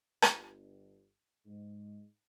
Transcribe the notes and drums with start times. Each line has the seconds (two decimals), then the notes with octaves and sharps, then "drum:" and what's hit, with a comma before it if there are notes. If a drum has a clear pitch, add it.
0.22 G1, drum: rim click
1.46 G#2